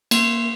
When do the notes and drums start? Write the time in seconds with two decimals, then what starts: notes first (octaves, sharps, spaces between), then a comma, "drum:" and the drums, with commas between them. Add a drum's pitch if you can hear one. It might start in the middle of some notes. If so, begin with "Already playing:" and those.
0.11 A#3, drum: cymbal